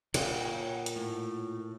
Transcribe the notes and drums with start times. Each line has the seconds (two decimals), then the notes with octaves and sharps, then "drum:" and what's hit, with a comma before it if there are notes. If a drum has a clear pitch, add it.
0.14 A#2 C#5 F#5 G5, drum: cymbal
0.86 drum: hi-hat
0.96 A2